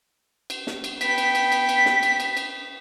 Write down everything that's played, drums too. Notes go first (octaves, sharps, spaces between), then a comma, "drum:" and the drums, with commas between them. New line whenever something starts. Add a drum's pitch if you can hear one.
drum: cymbal
drum: snare
drum: cymbal
B3 G5 B6, drum: cymbal
drum: cymbal
drum: cymbal
drum: cymbal
drum: cymbal
drum: snare
drum: cymbal
drum: cymbal
drum: cymbal